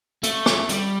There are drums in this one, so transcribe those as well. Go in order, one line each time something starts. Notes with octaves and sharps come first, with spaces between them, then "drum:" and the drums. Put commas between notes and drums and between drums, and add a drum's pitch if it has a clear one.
A3, drum: hi-hat
drum: rim click
G3, drum: hi-hat